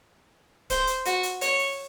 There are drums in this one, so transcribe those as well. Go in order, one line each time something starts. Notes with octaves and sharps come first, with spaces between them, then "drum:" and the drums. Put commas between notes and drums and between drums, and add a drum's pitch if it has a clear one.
C5, drum: kick D1, hi-hat
drum: hi-hat
F#4, drum: hi-hat
drum: hi-hat
C#5, drum: hi-hat
drum: open hi-hat